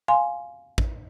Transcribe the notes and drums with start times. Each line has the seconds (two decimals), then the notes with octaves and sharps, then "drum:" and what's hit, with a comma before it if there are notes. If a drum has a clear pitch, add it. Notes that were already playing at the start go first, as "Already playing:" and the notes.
0.08 F5 G#5 C6
0.78 drum: kick